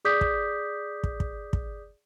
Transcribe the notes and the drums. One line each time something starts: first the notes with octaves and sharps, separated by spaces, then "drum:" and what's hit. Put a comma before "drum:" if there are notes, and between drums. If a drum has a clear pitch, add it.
G#4 D5 D6 D#6 G6 B6
drum: kick
drum: kick
drum: kick
drum: kick